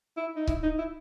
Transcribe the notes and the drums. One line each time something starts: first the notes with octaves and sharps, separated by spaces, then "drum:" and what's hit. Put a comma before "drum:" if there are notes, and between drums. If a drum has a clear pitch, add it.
E4
D#4
E4, drum: kick C#1
D#4
E4